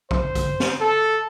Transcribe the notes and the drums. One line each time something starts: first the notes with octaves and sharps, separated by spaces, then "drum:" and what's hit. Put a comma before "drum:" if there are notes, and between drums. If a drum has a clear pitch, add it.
C5, drum: kick A1
drum: kick A1, hi-hat
drum: snare
A4